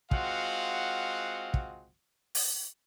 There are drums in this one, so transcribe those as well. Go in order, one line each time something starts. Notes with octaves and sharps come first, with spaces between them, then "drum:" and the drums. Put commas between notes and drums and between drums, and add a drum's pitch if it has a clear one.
G#3 C4 F4 F#4 F5 F#5, drum: kick
drum: kick
drum: open hi-hat